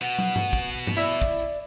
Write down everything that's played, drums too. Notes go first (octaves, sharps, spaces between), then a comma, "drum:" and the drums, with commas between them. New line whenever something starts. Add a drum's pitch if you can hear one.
B2 F#5, drum: hi-hat
drum: tom
drum: tom G2
drum: kick, hi-hat
drum: hi-hat
drum: tom G2
E4 D5 E5
drum: kick, hi-hat
drum: hi-hat